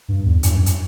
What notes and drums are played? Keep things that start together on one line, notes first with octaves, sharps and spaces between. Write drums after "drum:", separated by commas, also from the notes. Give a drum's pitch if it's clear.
G2
E2
G2, drum: hi-hat
F#2
drum: hi-hat